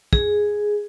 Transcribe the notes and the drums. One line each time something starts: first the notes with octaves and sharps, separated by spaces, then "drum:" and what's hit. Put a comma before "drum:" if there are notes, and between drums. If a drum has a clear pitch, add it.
G#4, drum: kick